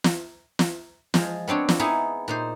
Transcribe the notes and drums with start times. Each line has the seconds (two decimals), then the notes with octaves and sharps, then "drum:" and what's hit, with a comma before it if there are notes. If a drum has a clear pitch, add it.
0.04 drum: snare
0.59 drum: snare
1.14 F3 G#3, drum: snare
1.47 B3 C4 D4 C#5
1.69 drum: snare
1.79 B3 D#4 E4 G#4
2.28 A#2 D#4 C5